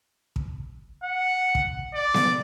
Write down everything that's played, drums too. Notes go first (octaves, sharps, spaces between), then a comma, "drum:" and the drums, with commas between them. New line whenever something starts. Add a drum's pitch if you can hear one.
drum: kick
F#5
drum: kick
D5
drum: snare B3